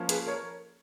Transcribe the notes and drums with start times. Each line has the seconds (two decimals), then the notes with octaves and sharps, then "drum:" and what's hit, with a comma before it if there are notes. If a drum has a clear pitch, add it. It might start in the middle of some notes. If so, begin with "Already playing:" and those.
Already playing: F3 A#3 C#4
0.09 G#4 B4, drum: hi-hat
0.26 A#4 C#5